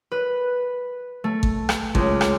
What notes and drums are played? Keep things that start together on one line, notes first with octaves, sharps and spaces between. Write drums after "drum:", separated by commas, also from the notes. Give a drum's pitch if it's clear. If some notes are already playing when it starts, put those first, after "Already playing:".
B4
A3
drum: kick G#1
drum: rim click
C#2, drum: kick G#1
drum: rim click